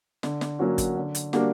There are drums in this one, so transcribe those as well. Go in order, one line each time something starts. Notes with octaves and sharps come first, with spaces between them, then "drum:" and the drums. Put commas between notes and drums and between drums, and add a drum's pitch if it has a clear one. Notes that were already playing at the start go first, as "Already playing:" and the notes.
D3, drum: snare
drum: snare
F#3 A#3 C#4 F#4
drum: kick, hi-hat
D3
drum: hi-hat
G3 A#3 D4 F#4, drum: snare